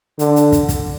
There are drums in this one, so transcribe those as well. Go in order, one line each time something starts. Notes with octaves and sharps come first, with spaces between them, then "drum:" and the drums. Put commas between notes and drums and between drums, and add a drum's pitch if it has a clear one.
D3, drum: hi-hat
drum: hi-hat
drum: kick, hi-hat
drum: kick, hi-hat